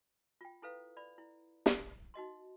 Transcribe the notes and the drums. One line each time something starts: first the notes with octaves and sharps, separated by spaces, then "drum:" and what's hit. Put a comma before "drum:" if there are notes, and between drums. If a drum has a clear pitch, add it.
F4 G5
E4 A4 B4 F5
D5 B5
E4
drum: snare
D#4 F#4 D#5 C6